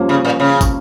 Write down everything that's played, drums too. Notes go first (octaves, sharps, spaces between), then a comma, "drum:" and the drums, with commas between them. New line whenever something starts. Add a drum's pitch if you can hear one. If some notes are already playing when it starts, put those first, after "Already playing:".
Already playing: G2 F3 A#3 C#4 F4
C#3
A#2
C#3
drum: kick, tambourine